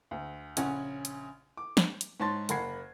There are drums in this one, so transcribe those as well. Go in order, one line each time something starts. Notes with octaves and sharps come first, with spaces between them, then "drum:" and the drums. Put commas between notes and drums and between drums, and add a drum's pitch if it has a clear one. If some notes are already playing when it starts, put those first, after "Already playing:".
D2
A#1 C#3 C#4 F#5 G#5, drum: hi-hat
drum: hi-hat
D6
drum: snare
drum: hi-hat
G#2 C#5 A5 C6 A6
F#1 A#3 F#5 B5 G#6 C7, drum: hi-hat